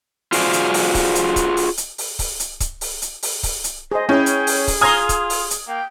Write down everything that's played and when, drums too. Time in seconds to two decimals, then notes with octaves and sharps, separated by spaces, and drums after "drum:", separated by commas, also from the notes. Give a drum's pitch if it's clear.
0.32 F4 F#4 G#4 C5 D5, drum: open hi-hat
0.53 drum: hi-hat
0.74 drum: open hi-hat
0.95 drum: kick C#1, open hi-hat
1.15 drum: hi-hat
1.36 drum: kick C#1, hi-hat
1.57 drum: open hi-hat
1.77 drum: hi-hat
1.98 drum: open hi-hat
2.19 drum: kick C#1, open hi-hat
2.40 drum: hi-hat
2.60 drum: kick C#1, hi-hat
2.81 drum: open hi-hat
3.02 drum: hi-hat
3.23 drum: open hi-hat
3.43 drum: kick C#1, open hi-hat
3.64 drum: hi-hat
3.92 G#4 C5 D#5
4.09 C#4 E4 G#4 G5
4.26 drum: hi-hat
4.47 drum: open hi-hat
4.68 drum: kick C#1, open hi-hat
4.81 F4 G#5 A#5 C6 D#6 F6 G#6
5.09 drum: kick C#1, hi-hat
5.30 drum: open hi-hat
5.50 drum: hi-hat
5.68 A#3 G5